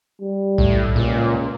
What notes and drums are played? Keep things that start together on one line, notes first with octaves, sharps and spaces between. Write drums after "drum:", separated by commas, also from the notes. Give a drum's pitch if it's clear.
G3
A2, drum: kick B1
C#2 A#2